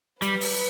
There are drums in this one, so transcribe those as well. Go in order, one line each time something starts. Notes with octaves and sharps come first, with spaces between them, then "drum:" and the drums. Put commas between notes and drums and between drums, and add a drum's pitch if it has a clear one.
G3 B4, drum: hi-hat
drum: open hi-hat